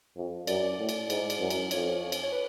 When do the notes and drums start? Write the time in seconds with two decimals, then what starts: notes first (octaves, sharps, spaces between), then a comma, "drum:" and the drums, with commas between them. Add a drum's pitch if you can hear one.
0.17 F2
0.47 F#2 D5, drum: cymbal
0.79 A2
0.89 drum: cymbal
1.10 G#2, drum: cymbal
1.30 drum: cymbal
1.40 F#2
1.50 drum: cymbal
1.71 F2 C#5, drum: cymbal
2.12 drum: cymbal
2.23 C#5
2.32 B4